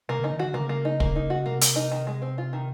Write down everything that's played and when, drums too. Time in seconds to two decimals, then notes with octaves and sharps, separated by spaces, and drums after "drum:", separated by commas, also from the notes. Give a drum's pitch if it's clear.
0.08 C3 A#3
0.20 C#3 D#4
0.32 D#3
0.39 D3 F#4
0.54 C#3 A#3
0.69 A#3
0.85 D#4
1.00 A#3, drum: kick
1.16 D#4
1.30 F#4
1.46 C3 A#3
1.61 A#3, drum: hi-hat
1.76 D#4
1.92 D#3
2.07 G#3
2.22 C4
2.38 F4
2.53 D#3